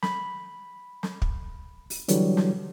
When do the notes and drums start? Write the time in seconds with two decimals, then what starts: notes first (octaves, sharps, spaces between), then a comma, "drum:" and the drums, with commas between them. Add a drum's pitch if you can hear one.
0.03 B5, drum: snare
1.03 drum: snare
1.22 drum: kick
1.90 drum: open hi-hat
2.08 D3 E3 F#3 G3, drum: hi-hat
2.37 drum: snare